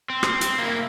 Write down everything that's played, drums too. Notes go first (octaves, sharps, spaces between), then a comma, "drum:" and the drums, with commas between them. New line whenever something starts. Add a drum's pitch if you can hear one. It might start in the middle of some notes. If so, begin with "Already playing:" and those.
C4
drum: rim click
C4, drum: hi-hat
A#3 E4